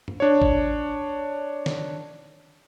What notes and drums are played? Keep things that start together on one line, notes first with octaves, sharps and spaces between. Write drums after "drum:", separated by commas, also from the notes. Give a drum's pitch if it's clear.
drum: tom G2
D4 C#5
drum: kick
drum: snare